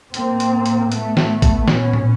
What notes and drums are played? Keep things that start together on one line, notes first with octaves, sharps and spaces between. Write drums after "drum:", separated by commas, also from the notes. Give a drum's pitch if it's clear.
A2 A#3 C4, drum: hi-hat
drum: hi-hat
drum: hi-hat
A3 B3, drum: hi-hat
drum: snare
drum: kick A1, hi-hat
A#2 B3 C#4, drum: snare
drum: tom